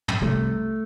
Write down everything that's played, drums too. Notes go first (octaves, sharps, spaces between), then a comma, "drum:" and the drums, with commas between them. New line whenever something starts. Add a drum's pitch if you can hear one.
drum: tom
C2 C3 A3